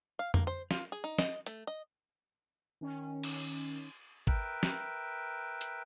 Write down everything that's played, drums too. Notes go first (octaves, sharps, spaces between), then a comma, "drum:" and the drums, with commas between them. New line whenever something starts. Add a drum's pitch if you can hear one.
F5
A#3, drum: tom F2
C5
F4, drum: snare
G#4
D#4
D#5, drum: snare
A3, drum: hi-hat
D#5
D#3 C#4
drum: cymbal
A#4 B4 E5 G5, drum: kick G#1
drum: snare
drum: hi-hat